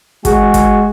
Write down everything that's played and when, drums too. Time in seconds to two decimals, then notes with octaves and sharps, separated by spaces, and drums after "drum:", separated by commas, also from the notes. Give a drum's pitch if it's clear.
0.25 G#3 F#4 G#4, drum: kick, hi-hat
0.54 drum: kick, hi-hat